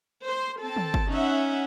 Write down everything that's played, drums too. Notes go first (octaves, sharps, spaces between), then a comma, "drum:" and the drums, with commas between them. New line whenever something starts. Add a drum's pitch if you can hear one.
C5 C6
C4 A4 A5
drum: tom
drum: kick
C#4 D#4 E5 F#5